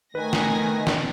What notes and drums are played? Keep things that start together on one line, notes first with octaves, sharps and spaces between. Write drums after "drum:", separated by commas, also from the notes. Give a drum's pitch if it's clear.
D#3 A3 B4 G#5 A#6
drum: snare
drum: snare